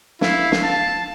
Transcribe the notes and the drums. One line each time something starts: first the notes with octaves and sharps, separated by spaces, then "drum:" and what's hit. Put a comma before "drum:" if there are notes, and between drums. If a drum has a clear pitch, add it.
E4 F5, drum: snare
drum: snare
A5